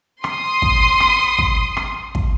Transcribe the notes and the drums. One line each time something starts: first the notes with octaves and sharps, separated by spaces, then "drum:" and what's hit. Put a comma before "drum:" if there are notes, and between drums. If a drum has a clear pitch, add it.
C6 D#6, drum: rim click
drum: kick
drum: rim click
drum: kick
drum: rim click
drum: kick